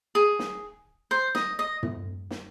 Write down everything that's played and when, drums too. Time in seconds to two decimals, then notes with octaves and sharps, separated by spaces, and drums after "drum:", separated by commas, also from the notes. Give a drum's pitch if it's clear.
0.15 G#4
0.39 drum: snare
1.11 C5
1.35 D#5, drum: snare
1.59 D#5
1.83 drum: tom
2.31 drum: snare